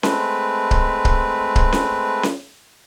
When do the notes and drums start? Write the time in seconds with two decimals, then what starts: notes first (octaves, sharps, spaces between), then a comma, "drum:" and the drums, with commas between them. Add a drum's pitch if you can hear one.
0.03 G#3 A3 C4 B4, drum: snare C#4
0.71 drum: kick C#1
1.05 drum: kick C#1
1.56 drum: kick C#1
1.73 drum: snare C#4
2.23 drum: snare C#4